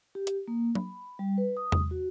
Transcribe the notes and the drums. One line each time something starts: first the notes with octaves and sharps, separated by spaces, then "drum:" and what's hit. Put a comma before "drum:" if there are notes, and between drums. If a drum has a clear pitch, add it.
G4
drum: hi-hat
A#3
B5, drum: tom F#3
G3
B4
D#6
drum: tom E2
F#4